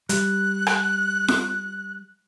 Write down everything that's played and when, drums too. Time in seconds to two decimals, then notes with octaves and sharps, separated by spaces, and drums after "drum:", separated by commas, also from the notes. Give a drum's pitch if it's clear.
0.09 G3 F#6, drum: hi-hat
0.67 drum: rim click
1.28 drum: snare F4